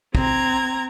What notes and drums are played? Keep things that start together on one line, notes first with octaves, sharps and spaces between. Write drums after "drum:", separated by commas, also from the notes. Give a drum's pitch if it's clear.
C4 A#5 G#6, drum: kick